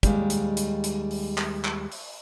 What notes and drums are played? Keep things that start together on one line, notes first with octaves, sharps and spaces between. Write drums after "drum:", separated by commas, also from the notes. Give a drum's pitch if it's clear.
D#2 G3 G#3 F5, drum: kick, hi-hat
drum: hi-hat
drum: hi-hat
drum: hi-hat
drum: open hi-hat
drum: clap
drum: clap
drum: open hi-hat